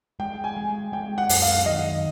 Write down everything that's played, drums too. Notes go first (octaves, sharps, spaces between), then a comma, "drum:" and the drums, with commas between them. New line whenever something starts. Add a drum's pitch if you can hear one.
G#3 G5
G#5
G#3
G#3 G5
F#5
F#2, drum: open hi-hat
F5
D#3 D#5